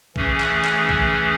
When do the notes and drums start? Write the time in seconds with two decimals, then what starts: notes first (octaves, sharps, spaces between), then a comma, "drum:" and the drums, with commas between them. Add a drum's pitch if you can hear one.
0.16 E3 A3 C#4 G#4, drum: kick
0.40 drum: clap
0.65 drum: clap
0.89 drum: kick